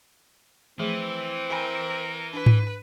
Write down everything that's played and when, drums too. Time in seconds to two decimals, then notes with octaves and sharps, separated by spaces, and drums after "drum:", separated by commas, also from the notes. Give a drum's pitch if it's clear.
0.79 E3 F3 A3 C4 G#4
1.50 A#4 G5 G#5 B5
2.33 D4 B4
2.46 drum: tom G#2